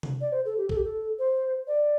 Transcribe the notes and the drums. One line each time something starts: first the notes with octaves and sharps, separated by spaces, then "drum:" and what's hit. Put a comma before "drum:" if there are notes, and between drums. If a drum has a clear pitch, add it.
drum: tom C3
D5
C5
A4
G4
A4, drum: kick
G4
A4
C5
D5